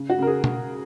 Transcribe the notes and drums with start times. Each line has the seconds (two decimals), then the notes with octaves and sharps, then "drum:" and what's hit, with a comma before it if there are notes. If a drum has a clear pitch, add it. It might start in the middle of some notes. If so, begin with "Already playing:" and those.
Already playing: C#3
0.10 F#4
0.18 C#3 A#4
0.27 G#4
0.44 drum: tom B2